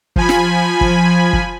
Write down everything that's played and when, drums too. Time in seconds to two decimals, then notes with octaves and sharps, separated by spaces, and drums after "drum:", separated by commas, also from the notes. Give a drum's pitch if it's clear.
0.16 F3 G#5 B5, drum: kick
0.29 drum: snare
0.81 drum: kick
1.33 drum: kick